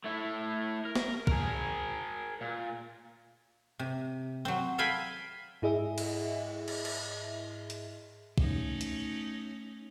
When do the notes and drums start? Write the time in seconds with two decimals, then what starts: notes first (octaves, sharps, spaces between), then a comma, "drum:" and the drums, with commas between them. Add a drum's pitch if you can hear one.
0.05 A3 E4
0.85 A#4
0.95 drum: snare
1.27 G#4 A#4, drum: kick
2.41 A#2
3.79 C3
4.45 F#3 C4
4.78 A4 E5 F5 G5 G#5 B5
5.62 G#2 E4 G#4 D#5 E5
5.98 drum: cymbal
6.68 drum: cymbal
6.85 drum: cymbal
7.70 drum: hi-hat
8.38 A3 C#4 D#4, drum: kick
8.81 drum: hi-hat